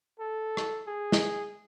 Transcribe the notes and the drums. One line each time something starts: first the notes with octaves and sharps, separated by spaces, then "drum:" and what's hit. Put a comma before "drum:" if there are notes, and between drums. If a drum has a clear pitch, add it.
A4
drum: rim click
G#4
drum: snare